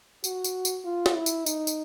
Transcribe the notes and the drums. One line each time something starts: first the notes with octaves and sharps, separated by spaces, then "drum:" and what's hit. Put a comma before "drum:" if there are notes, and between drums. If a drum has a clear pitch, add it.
F#4, drum: tambourine
drum: tambourine
drum: tambourine
F4
drum: snare
E4
drum: tambourine
D#4, drum: tambourine
drum: tambourine